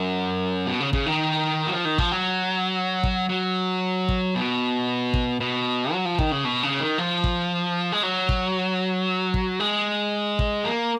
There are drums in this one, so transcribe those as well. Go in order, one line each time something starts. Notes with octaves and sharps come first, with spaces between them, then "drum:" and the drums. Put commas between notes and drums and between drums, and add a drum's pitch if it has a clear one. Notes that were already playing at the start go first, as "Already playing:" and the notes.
Already playing: F#2
B2
C#3
C#3, drum: kick
D#3
F#3
F3
D#3
F3, drum: kick
F#3
drum: kick
F#3
drum: kick
B2
drum: kick
B2
F#3
F3
D#3, drum: kick
C#3
B2
C#3
D#3
F3
drum: kick
G#3
F#3
drum: kick
drum: kick
G#3
drum: kick
A#3